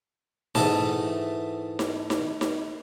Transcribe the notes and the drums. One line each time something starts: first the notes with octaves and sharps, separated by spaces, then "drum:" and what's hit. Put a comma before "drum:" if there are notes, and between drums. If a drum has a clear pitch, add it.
G#2 E3 A3 B3 D#5 A5, drum: snare D#4
drum: snare D#4
drum: snare D#4
drum: snare D#4